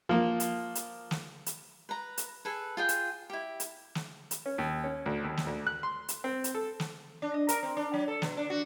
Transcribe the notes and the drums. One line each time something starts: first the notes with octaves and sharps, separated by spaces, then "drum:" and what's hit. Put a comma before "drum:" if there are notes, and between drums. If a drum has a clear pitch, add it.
F3 A#3
drum: hi-hat
drum: hi-hat
drum: snare
drum: hi-hat
B4 A#5
drum: hi-hat
G#4 A4 B4
F4 G#4 G5
drum: hi-hat
E4 G4
drum: hi-hat
drum: snare
drum: hi-hat
C#4
D#2
C#4
D2
D#2
drum: snare
D2
F#6
C6
drum: hi-hat
C4
drum: hi-hat
A4
drum: snare
D4
D#5
A#4, drum: hi-hat
C4
D4
F#3
A4
B2, drum: snare
D4
F#4